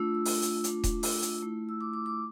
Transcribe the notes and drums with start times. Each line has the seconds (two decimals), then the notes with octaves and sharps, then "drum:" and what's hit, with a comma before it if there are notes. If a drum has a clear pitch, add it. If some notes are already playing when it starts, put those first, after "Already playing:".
Already playing: A3 D4 F4 E6
0.15 E6
0.25 drum: open hi-hat
0.42 E6, drum: hi-hat
0.64 A3 D4 F4 D6, drum: hi-hat
0.84 drum: kick D#1, hi-hat
1.03 E6, drum: open hi-hat
1.22 drum: hi-hat
1.42 A3 E4
1.69 E6
1.81 D6
1.94 D6
2.06 D6